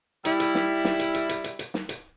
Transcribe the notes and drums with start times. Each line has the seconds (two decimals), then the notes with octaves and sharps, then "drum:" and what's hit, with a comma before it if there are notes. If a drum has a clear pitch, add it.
0.25 G3 E4, drum: hi-hat
0.40 drum: hi-hat
0.55 drum: snare
0.85 drum: snare
0.99 drum: hi-hat
1.14 drum: hi-hat
1.29 drum: hi-hat
1.44 drum: hi-hat
1.59 drum: hi-hat
1.74 drum: snare
1.89 drum: hi-hat